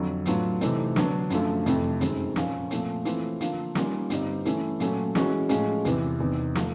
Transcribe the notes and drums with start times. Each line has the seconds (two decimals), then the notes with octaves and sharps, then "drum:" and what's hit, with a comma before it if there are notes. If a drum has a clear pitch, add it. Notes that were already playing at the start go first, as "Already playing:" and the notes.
Already playing: F2 D3 F#3
0.25 A2 F#3 B3 D4 F4, drum: hi-hat
0.61 C3 E3 A3 C4 D#4, drum: hi-hat
0.96 D3 F#3 B3 D4, drum: snare
1.30 F#2 D3 F3 A3, drum: hi-hat
1.66 F2 C3 E3 A3, drum: hi-hat
2.01 F#2 D#3 G#3 C4, drum: hi-hat
2.36 A#2 F3 A#3 C#4, drum: snare
2.71 A#2 F3 A3 C4, drum: hi-hat
3.05 E3 A3 C4 F4, drum: hi-hat
3.40 D3 F3 A#3 D4 F4, drum: hi-hat
3.75 D#3 G3 A#3 C#4 F4, drum: snare
4.10 G2 D3 G3 C4 D#4, drum: hi-hat
4.45 E3 A3 C#4 E4, drum: hi-hat
4.80 A#2 F#3 A3 C#4, drum: hi-hat
5.15 E3 G#3 C#4 F#4, drum: snare
5.49 A2 F3 G#3 C#4, drum: hi-hat
5.85 E2 C3 E3, drum: hi-hat
6.20 E2 C3 D#3
6.55 F3 A3, drum: snare